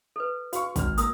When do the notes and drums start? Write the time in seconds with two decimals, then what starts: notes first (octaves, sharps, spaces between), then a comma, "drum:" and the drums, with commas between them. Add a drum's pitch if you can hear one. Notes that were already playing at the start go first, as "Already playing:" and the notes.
0.16 A4 B4
0.53 F#4 F5 C#6, drum: hi-hat
0.76 G#1 F6, drum: kick, hi-hat
0.98 A#3 D#6 E6, drum: hi-hat